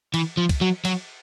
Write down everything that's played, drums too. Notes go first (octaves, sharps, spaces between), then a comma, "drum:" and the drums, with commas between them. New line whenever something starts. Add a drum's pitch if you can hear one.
E3, drum: cymbal
F3
drum: kick, cymbal
F#3
F#3, drum: cymbal